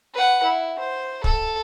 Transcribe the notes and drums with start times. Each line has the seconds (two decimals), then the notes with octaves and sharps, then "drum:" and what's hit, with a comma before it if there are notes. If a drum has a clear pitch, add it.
0.15 B4 F#5
0.43 E4
0.79 C5
1.24 A4, drum: kick